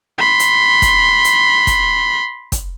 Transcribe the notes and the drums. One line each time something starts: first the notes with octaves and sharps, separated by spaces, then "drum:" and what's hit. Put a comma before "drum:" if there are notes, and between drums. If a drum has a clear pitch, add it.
B5 C6
drum: hi-hat
drum: kick, hi-hat
drum: hi-hat
drum: kick, hi-hat
drum: kick, hi-hat